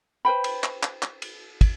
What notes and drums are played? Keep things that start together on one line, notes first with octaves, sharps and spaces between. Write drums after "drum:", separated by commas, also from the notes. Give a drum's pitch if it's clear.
B4 C5 G5 B5
drum: cymbal
drum: clap
drum: clap
drum: clap
drum: cymbal
drum: kick, cymbal